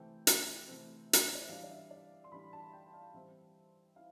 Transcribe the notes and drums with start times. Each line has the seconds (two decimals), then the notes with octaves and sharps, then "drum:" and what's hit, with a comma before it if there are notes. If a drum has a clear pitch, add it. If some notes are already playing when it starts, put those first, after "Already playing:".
Already playing: C3 E3 A3 C4 G5
0.27 drum: hi-hat
0.67 C3 E3 A3 C4
1.13 drum: hi-hat
1.27 C5
1.35 D5
1.42 E5
1.49 E3 G3 D4 F5
1.64 D5
1.70 E5
1.91 D5
2.24 C6
2.32 E3 G3 D4 B5
2.53 A5
2.73 G5
2.93 F5
3.14 E3 G3 C4 E4 E5
3.96 E4 F5